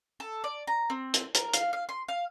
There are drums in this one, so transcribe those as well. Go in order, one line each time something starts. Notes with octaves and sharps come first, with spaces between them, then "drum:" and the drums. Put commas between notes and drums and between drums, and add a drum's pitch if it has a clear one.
A4
D5
A#5
C4
drum: hi-hat
A#4, drum: hi-hat
F5, drum: hi-hat
F5
C6
F5